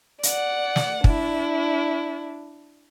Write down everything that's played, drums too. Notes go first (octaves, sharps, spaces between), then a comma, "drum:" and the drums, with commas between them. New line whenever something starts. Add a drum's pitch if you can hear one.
D5 F#5, drum: hi-hat
drum: snare
D4 E4, drum: kick